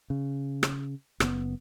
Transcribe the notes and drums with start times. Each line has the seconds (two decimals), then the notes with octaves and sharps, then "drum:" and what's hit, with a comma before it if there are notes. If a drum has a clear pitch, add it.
0.10 C#3
0.63 drum: rim click
1.20 F#1 B3, drum: rim click